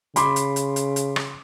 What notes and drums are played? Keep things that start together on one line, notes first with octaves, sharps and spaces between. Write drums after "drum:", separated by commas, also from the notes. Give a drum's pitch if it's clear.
C#3 B5 C6 D6, drum: hi-hat
drum: hi-hat
drum: hi-hat
drum: hi-hat
drum: hi-hat
drum: rim click